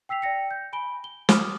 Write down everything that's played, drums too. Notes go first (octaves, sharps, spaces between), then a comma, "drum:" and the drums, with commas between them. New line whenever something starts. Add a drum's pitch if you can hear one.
G5 E6 B6 C7 F7
D5 G5 A#6 C#7
G6
G#5 B5 D7 G7
G7
D6 D#6 F6, drum: snare